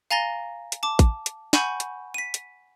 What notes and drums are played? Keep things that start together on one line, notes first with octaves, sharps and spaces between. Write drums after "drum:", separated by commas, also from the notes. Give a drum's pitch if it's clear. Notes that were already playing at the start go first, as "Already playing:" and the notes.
F5 G#5 A#5 A6 A#6 G7
drum: hi-hat
A5 D6
drum: kick, hi-hat
drum: hi-hat
F#5 G#5 B5 C#6 G6, drum: snare
drum: hi-hat
B6 D#7
drum: hi-hat